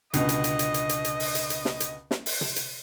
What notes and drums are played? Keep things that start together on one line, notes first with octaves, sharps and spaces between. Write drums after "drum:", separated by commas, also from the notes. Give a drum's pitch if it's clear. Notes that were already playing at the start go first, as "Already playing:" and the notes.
C#2 B2 D3 D#5, drum: hi-hat
drum: hi-hat
drum: hi-hat
drum: hi-hat
drum: hi-hat
drum: hi-hat
drum: hi-hat
drum: open hi-hat
drum: hi-hat
drum: hi-hat
drum: snare
drum: hi-hat
drum: snare
drum: open hi-hat
drum: tom
drum: hi-hat